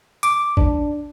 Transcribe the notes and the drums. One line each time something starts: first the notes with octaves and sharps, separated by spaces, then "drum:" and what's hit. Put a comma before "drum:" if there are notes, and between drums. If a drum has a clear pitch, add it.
D6, drum: hi-hat
D4, drum: kick G#1